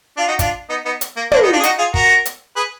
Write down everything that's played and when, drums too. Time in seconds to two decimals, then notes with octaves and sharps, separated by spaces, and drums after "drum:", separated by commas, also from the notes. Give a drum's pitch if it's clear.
0.17 D4 F4
0.28 D#4 F#4
0.39 D4 F4, drum: kick, hi-hat
0.69 B3 D#4
0.85 B3 D#4
1.01 drum: hi-hat
1.17 A#3
1.32 A#3 D4, drum: tom
1.43 B3 D#4
1.53 D4 F4
1.60 G#4
1.63 D#4 F#4, drum: hi-hat
1.78 F4 G#4
1.94 F#4 A#4, drum: kick
2.26 drum: hi-hat
2.56 G#4 B4